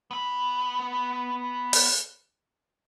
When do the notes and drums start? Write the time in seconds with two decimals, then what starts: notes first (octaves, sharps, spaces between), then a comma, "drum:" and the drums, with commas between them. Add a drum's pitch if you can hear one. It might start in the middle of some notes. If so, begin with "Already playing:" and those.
0.11 B3 B5
1.73 drum: open hi-hat